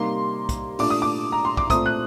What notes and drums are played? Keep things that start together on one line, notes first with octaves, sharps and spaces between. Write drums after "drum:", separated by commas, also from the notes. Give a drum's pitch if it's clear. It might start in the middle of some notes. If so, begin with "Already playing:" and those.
Already playing: C3 G3 A#3 D#4 C6
drum: kick, hi-hat
A#2 A3 D4 D6, drum: open hi-hat
D#6
D6
A#5
C6
D6, drum: kick
A#2 A3 C4 D#6, drum: kick, hi-hat
F#6